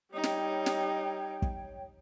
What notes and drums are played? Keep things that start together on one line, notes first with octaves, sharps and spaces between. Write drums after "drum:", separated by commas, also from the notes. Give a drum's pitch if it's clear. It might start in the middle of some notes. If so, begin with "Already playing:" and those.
G3 D#4 C#5 G5
drum: snare
drum: snare
drum: kick